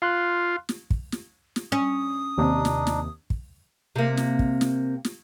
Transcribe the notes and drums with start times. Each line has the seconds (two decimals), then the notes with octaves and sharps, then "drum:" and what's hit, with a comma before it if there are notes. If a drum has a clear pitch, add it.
0.02 F4 F5 C6 F#6
0.69 drum: snare
0.90 drum: kick
1.12 drum: snare
1.56 drum: snare
1.72 C#4 D#6
2.38 D#2 C3 D4 D#4
2.65 drum: snare
2.87 drum: snare
3.30 drum: kick
3.96 C3 A#3
4.17 drum: snare
4.39 drum: kick
4.61 drum: snare
5.05 drum: snare